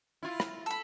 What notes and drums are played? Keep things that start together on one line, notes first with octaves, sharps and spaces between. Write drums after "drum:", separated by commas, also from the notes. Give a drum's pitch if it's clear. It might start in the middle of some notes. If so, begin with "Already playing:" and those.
E4 F4
drum: rim click
A4 B5